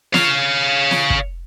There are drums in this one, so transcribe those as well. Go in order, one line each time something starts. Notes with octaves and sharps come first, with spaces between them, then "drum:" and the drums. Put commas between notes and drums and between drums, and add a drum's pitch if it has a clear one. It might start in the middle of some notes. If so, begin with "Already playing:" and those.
C#5 F5, drum: snare
drum: snare
drum: kick